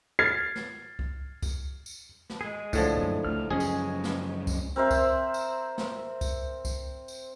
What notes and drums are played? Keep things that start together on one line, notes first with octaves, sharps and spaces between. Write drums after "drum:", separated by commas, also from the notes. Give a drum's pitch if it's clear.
F6 G#6 A6 C7
drum: snare
drum: kick C2
drum: kick C2, tambourine
drum: tambourine
drum: snare
G#3 G#4
A2 D3 F3, drum: kick C2, tambourine
F#2 A#2
C#2 A3 F6
F#2 C#3 F3 G#3 C#4 G#4
drum: tambourine
drum: snare
drum: kick C2, tambourine
C4 A#4 C5 E5
drum: kick C2, tambourine
drum: tambourine
drum: snare
drum: kick C2, tambourine
drum: kick C2, tambourine
drum: tambourine